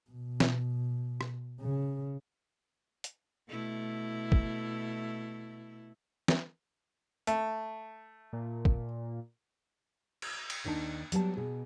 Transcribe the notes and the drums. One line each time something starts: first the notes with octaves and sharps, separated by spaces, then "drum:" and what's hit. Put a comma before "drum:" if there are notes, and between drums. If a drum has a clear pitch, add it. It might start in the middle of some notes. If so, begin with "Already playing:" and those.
B2
drum: snare
drum: rim click
C#3
drum: hi-hat
B2 A3 E4
drum: kick
drum: snare
A3, drum: hi-hat
A#2
drum: kick
drum: cymbal
drum: cymbal
D#2 D#3 D4 D#4 A5
F#3 G3 B3 A5, drum: hi-hat
B2 G#4